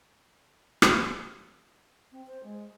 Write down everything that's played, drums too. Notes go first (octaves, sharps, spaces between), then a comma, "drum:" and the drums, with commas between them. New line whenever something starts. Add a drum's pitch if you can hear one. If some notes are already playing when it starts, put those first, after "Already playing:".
drum: rim click
C4
C5
G#3